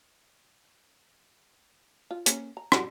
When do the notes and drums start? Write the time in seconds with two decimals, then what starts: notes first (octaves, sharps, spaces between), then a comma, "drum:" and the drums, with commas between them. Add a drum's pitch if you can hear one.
2.11 F4
2.26 A#3 C#4, drum: hi-hat
2.57 A#5
2.72 G3 D4 F#4, drum: rim click